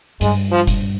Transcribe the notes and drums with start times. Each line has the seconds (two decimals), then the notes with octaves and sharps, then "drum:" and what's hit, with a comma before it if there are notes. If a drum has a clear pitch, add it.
0.21 G2 G#3, drum: hi-hat
0.51 F3
0.67 drum: kick, hi-hat